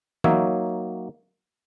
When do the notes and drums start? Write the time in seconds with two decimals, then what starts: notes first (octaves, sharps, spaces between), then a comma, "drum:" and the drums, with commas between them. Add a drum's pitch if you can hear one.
0.24 F#3 A#3 D#4 C#5 E5, drum: tom E3